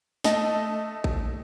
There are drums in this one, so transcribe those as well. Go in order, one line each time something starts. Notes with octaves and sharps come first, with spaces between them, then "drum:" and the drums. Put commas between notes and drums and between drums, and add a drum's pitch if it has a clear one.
A3 D#5 A5, drum: snare
drum: kick